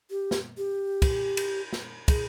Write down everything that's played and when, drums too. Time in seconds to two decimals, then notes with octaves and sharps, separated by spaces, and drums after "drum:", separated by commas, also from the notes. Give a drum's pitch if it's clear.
0.11 G4
0.31 drum: snare
0.58 G4
1.02 drum: kick, cymbal
1.37 drum: cymbal
1.73 drum: snare
2.08 G#4, drum: kick, cymbal